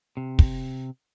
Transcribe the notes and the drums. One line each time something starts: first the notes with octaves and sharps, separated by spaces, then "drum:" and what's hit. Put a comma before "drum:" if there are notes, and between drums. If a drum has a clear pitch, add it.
C3
drum: kick